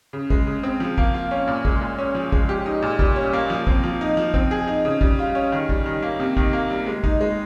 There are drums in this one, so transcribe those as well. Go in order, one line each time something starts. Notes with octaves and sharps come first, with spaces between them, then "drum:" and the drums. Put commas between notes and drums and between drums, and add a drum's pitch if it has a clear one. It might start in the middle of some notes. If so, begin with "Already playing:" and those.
C#3
G#3, drum: kick A1
C#3
C4
F3
A#3, drum: kick A1
F4
C#4
A#2
G#3, drum: kick A1
A#2
C#4
F3
G#3, drum: kick A1
G4
D#4
A#2
G3, drum: kick A1
C#4
A#3
F3
C4, drum: kick A1
F3
D#4
F3
C4, drum: kick A1
G#4
D#4
C#3
G3, drum: kick A1
F4
C#4
D#3
G3, drum: kick A1
D#3
A#3
C3
D#3, drum: kick A1
A#3
G3
G#3
D#4, drum: kick A1
G#3